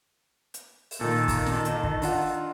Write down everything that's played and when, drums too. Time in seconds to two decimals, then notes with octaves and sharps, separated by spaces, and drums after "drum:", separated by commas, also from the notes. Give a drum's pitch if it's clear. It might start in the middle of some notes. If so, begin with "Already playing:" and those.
0.54 drum: hi-hat
0.91 drum: open hi-hat
1.01 A#2 D#3 A4
1.28 drum: kick, open hi-hat
1.46 drum: snare
1.65 drum: hi-hat
1.83 drum: kick
2.02 D4 F4 F#5, drum: open hi-hat